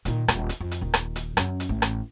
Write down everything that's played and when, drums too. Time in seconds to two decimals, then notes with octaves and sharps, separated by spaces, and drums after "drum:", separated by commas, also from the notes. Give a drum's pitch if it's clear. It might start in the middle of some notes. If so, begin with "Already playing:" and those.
0.05 A#2 D#3, drum: hi-hat
0.28 D#1, drum: rim click
0.49 drum: hi-hat
0.60 F2
0.71 drum: hi-hat
0.81 D#1 D#3
0.94 drum: rim click
1.16 drum: hi-hat
1.37 F#2 C#4, drum: rim click
1.60 drum: hi-hat
1.69 A1 A3
1.82 drum: rim click